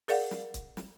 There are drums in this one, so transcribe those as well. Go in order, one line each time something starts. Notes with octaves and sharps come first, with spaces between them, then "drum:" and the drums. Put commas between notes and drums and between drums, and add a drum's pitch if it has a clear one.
G#4 A#4 D5 F5 F#5, drum: open hi-hat
drum: snare
drum: kick C#1, hi-hat
drum: snare